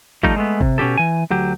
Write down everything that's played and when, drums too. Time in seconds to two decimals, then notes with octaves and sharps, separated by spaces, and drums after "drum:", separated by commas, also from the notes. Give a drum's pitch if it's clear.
0.23 F3 G3 A3 D#4, drum: kick G#1
0.36 G#3 A3 B3
0.61 C3, drum: kick G#1
0.78 B2 C#4 F4 G4 A4
0.98 E3 G#5
1.30 D2 F#3 G4